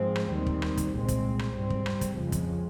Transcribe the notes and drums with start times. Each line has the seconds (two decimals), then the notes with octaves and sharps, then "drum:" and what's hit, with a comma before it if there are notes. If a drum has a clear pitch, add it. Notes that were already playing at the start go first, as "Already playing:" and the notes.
Already playing: G#2 F3 G#3 C4
0.16 drum: rim click
0.31 D#2 D#3 G3 C4
0.47 drum: kick
0.62 drum: rim click
0.77 drum: kick, hi-hat
0.93 C2 A#2 G#3 C4
1.08 drum: kick, hi-hat
1.39 drum: rim click
1.55 G#2 G3 C4
1.70 drum: kick
1.86 drum: rim click
2.01 drum: kick, hi-hat
2.17 F2 C#3 F3 G#3
2.32 drum: kick, hi-hat